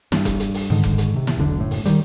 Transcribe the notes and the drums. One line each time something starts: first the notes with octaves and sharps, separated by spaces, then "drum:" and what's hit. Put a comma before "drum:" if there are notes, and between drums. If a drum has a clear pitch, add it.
G2, drum: snare
drum: kick F1, hi-hat
drum: hi-hat
drum: open hi-hat
G#2 D3 D#3
drum: kick F1
drum: hi-hat
C3
drum: snare
E1 B1 D3 D4
F#1 A2
drum: open hi-hat
D#3 E3 G3, drum: hi-hat